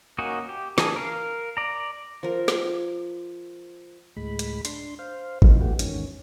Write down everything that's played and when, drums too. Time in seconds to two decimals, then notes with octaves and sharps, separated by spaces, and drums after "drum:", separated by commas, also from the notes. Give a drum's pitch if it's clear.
0.18 A#3 C#4 D#4 F#4
0.49 G4
0.78 E3 A#3 D4 G#4, drum: snare
0.96 A#4 F5
1.57 D5 A#5
2.23 F3 A#4
2.48 drum: snare
4.17 D2 A2 G#3 B5
4.39 drum: hi-hat
4.65 D4 C6, drum: hi-hat
4.99 C5 F5
5.42 C3 E3 D#4, drum: kick G1
5.61 E3 A3 B3 F#4 G4
5.79 E2 G#2 D#3 C#4, drum: hi-hat